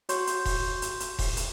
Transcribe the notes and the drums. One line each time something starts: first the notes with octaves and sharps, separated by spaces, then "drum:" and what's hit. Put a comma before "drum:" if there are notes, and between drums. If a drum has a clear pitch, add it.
F#4 C#5 C6 C#6 G6, drum: hi-hat
drum: hi-hat
drum: kick E1, open hi-hat
drum: hi-hat
drum: hi-hat
drum: kick E1, open hi-hat
drum: hi-hat